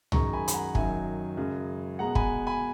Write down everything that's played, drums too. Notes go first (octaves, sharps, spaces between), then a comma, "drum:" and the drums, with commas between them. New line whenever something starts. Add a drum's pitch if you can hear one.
F#2 D#3 G#3 A#5 C#6, drum: tom
G#5 B5
B5, drum: hi-hat
F#5 A#5
F#2 D#3 F#3 E5 G#5, drum: kick
F#2 C#3 G#3
B2 G#3 F#5 A#5
G#5 B5, drum: kick
G#5 B5